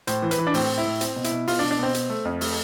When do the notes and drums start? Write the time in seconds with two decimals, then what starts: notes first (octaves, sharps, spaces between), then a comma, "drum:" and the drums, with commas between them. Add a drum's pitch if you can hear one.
0.07 A2 C5, drum: hi-hat
0.22 E3
0.31 B4, drum: hi-hat
0.38 E3
0.47 D4
0.54 A2 C4, drum: open hi-hat
0.69 A2
0.78 E4
0.85 A2
1.01 C4, drum: hi-hat
1.16 B2
1.24 E4, drum: hi-hat
1.32 B2
1.47 B2 F4, drum: open hi-hat
1.59 D4
1.63 B2
1.71 D4
1.79 B2 C4
1.94 C4, drum: hi-hat
2.10 A3
2.25 F2
2.41 A3, drum: open hi-hat